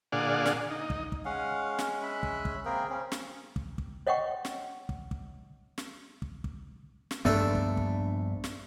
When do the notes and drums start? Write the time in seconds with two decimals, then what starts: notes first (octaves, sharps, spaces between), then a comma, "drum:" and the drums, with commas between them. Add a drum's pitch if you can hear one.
0.12 A#2 D3 G#4 D5 F5 F#5
0.46 drum: snare
0.70 D#4
0.90 drum: kick
1.12 drum: kick
1.25 G#3 C#4 F5 F#5
1.79 drum: snare
2.02 E5 B5 F#6
2.23 drum: kick
2.45 drum: kick
2.65 A#3 C4 G#4 A#4 G5
2.89 C#3 C4 C#4
3.12 drum: snare
3.56 drum: kick
3.78 drum: kick
4.07 C#5 D#5 F#5 G5 C#6
4.45 drum: snare
4.89 drum: kick
5.11 drum: kick
5.78 drum: snare
6.22 drum: kick
6.44 drum: kick
7.11 drum: snare
7.25 A#1 G2 A3 B3 D4 A4
7.55 drum: kick
7.77 drum: kick
8.44 drum: snare